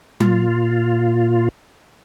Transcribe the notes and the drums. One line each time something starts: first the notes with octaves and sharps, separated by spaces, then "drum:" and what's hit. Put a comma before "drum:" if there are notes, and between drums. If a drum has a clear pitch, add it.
A#2 F4, drum: tom F#3